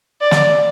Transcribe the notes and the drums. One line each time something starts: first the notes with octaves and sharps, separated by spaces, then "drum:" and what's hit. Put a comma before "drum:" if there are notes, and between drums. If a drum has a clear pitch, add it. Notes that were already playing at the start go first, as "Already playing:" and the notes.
D5
drum: snare